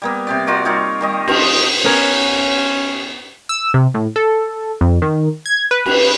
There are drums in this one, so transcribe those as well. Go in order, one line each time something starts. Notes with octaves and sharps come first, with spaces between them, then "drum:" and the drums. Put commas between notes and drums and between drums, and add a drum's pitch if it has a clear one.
G3 A#3 B3
C3 G4 D5
F4 F#4 A#4 D5
G3 D#4 F4 C#5
D#3 G3 D#5
F3 C5, drum: cymbal
B3 C#4 A#4 C#5
E6
C3
A2
A4
F2
D#3
G#6
B4
drum: cymbal